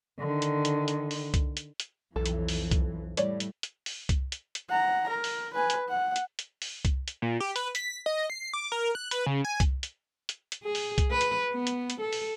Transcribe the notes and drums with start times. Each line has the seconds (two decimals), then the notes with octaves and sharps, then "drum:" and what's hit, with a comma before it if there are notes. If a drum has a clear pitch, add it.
0.19 D3 D#3
0.42 drum: hi-hat
0.65 drum: hi-hat
0.88 drum: hi-hat
1.11 drum: open hi-hat
1.34 drum: kick C2, hi-hat
1.57 drum: hi-hat
1.80 drum: hi-hat
2.16 B1 F2 E3 A4
2.26 drum: hi-hat
2.49 drum: open hi-hat
2.71 drum: kick C2, hi-hat
3.17 A2 G3 C#5 D5, drum: hi-hat
3.40 drum: hi-hat
3.63 drum: hi-hat
3.86 drum: open hi-hat
4.09 drum: kick C2, hi-hat
4.32 drum: hi-hat
4.55 drum: hi-hat
4.69 F#5 A#5
5.09 A#4
5.24 drum: open hi-hat
5.54 B4 G#5
5.70 drum: hi-hat
5.89 F#5
6.16 drum: hi-hat
6.39 drum: hi-hat
6.62 drum: open hi-hat
6.85 drum: kick C2, hi-hat
7.08 drum: hi-hat
7.22 A#2
7.40 G4
7.56 B4, drum: hi-hat
7.75 B6, drum: hi-hat
8.06 D#5
8.30 C7
8.53 D6
8.72 A#4
8.95 F#6
9.11 B4, drum: hi-hat
9.26 C#3
9.45 G#5
9.60 drum: kick C2, hi-hat
9.83 drum: hi-hat
10.29 drum: hi-hat
10.52 drum: hi-hat
10.63 G#4
10.75 drum: open hi-hat
10.98 drum: kick C2, hi-hat
11.11 B4
11.21 drum: hi-hat
11.53 B3
11.67 drum: hi-hat
11.90 drum: hi-hat
12.00 A4
12.13 drum: open hi-hat